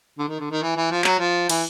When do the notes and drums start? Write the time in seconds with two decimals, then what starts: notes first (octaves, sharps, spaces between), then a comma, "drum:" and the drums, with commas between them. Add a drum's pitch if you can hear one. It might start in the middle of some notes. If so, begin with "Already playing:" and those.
0.19 D3
0.28 D#3
0.39 D3
0.51 D#3
0.62 E3
0.77 E3
0.91 F3
1.04 F#3, drum: clap
1.19 F3
1.49 E3, drum: cymbal